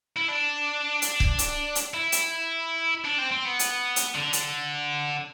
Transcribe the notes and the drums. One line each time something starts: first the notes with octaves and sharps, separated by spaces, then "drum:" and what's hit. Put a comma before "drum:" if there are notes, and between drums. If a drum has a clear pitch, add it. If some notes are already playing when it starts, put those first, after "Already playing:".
E4
D4
drum: hi-hat
drum: kick
drum: hi-hat
drum: hi-hat
E4
drum: hi-hat
D4
C4
C4
B3
drum: hi-hat
drum: hi-hat
D3
drum: hi-hat